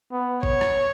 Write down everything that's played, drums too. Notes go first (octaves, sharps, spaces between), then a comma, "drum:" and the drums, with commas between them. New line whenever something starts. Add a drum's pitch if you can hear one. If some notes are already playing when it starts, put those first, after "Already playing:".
B3
C#5, drum: kick
drum: rim click